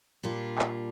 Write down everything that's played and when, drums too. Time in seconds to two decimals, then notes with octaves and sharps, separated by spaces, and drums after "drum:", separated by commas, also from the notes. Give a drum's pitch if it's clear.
0.23 A#2 G3 D4 F4
0.58 drum: clap